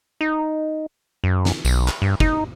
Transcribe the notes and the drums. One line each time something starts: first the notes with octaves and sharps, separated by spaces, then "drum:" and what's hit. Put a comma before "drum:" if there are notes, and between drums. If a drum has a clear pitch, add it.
D#4
F#2
drum: snare
B1, drum: tambourine
drum: clap
G2
D#4, drum: kick